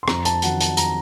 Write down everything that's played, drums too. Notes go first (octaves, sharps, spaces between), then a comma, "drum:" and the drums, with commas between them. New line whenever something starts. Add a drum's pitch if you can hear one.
C6
F2 A#5, drum: rim click
A5, drum: hi-hat
D#3 F#3 F#5, drum: hi-hat
A5, drum: hi-hat
A#5, drum: hi-hat